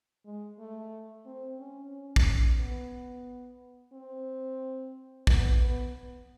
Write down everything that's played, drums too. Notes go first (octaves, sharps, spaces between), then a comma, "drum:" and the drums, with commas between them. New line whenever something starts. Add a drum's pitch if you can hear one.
G#3
A3
C4
C#4
C#4
drum: kick
B3
C4
B3, drum: kick
B3